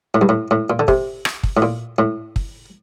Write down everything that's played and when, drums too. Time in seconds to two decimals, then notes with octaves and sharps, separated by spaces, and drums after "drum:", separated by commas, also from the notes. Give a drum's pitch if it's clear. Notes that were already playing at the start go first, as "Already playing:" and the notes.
0.14 A2
0.21 G2
0.29 A2
0.51 A2
0.70 A#2
0.79 D3
0.88 C3, drum: kick
1.25 drum: rim click
1.43 drum: kick
1.57 A2
1.62 A#2
1.98 A2
2.36 drum: kick